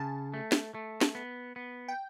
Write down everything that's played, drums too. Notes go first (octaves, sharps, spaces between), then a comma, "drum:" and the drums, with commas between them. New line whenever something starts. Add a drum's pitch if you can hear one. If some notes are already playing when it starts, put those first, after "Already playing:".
Already playing: C#3 G#5 A5
A3
drum: snare
A3
drum: snare
B3
B3
G5